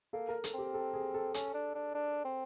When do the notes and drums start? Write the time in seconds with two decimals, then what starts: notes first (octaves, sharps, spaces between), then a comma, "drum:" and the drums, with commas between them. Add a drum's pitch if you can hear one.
0.13 A#3 A4
0.29 A#4
0.44 A4, drum: hi-hat
0.54 C4 G4
0.74 A4
0.93 G#4
1.14 A4
1.34 C#4 A4, drum: hi-hat
1.54 D4
1.75 D4
1.94 D4
2.25 C4